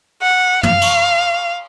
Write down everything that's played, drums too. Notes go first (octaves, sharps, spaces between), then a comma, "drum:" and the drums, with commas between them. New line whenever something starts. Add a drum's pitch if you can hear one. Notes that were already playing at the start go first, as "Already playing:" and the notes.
F#5
F5, drum: tom
drum: cymbal